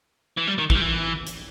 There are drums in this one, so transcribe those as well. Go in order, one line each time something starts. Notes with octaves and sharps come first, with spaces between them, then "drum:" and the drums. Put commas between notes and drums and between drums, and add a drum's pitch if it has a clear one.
E3
G3
D#3
E3, drum: kick
G3
E3
drum: hi-hat